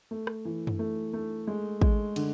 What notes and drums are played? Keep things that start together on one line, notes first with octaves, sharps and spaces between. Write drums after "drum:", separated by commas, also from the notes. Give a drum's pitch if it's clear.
A3
drum: rim click
E3
drum: tom F#2
A3
A3
G#3
G#3, drum: kick
D3, drum: cymbal